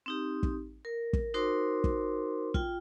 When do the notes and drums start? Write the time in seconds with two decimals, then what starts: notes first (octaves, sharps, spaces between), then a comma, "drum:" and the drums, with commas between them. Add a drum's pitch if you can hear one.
0.06 C4 D#4 G4
0.43 drum: kick
0.85 A#4
1.13 drum: kick
1.34 D#4 F#4 A#4 C5 C6 D6
1.84 drum: kick
2.54 F4 G5, drum: kick